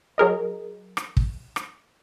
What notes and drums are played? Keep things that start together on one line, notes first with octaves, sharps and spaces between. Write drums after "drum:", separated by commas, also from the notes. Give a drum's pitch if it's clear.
F#3 G#4 A#4 D#5
drum: rim click
drum: kick
drum: rim click